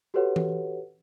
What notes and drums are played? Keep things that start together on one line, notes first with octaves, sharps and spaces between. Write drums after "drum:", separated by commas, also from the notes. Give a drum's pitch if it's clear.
F#4 G4 A4 B4 C#5 F#5
drum: tom E3